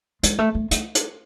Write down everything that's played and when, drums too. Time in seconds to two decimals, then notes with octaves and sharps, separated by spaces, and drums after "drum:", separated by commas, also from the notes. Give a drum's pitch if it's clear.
0.23 G#3, drum: hi-hat
0.39 A3
0.55 A3
0.71 A3, drum: hi-hat
0.95 drum: hi-hat